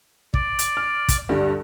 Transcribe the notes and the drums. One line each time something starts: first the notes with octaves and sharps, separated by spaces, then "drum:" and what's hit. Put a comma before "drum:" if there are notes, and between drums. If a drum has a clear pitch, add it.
D5, drum: kick
drum: hi-hat
F6
drum: kick, hi-hat
D2 G2 G3